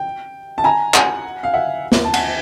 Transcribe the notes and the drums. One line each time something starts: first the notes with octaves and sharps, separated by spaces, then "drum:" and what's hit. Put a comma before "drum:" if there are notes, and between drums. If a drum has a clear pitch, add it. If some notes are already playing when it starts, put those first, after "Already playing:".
Already playing: G5
A5
G#5 A#5
F#5 G#5, drum: clap
F5
E5 F#5
drum: snare
A5
F#5 G#5, drum: cymbal